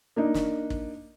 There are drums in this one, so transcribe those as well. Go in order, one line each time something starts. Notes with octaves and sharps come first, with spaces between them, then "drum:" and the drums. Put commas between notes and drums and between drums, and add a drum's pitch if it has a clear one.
A#3 D4 D#4
drum: snare
drum: kick